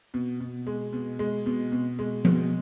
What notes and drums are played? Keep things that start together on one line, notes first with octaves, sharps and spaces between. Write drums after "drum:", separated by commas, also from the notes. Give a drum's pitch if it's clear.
B2
B2
G#3
B2
G#3
B2
B2
G#3
B2, drum: tom F3